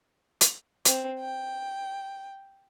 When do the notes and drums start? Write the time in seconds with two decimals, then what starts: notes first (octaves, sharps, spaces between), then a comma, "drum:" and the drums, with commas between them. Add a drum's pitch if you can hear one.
0.41 drum: hi-hat
0.85 C4, drum: hi-hat
1.19 G5